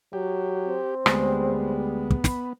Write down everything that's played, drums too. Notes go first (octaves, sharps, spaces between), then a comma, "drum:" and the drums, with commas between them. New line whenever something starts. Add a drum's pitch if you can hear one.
F#3 G4
C4
D2 G3 G#3 B3 G#4, drum: rim click
drum: kick
B5, drum: snare